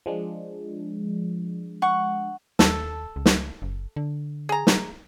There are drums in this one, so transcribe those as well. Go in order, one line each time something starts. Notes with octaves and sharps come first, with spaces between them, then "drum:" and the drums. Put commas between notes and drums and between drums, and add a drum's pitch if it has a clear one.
F3 G#3 D4
F#5 C#6
D#2 A4, drum: snare
C#2
drum: snare
F#1
D3
G#4 A#5
drum: snare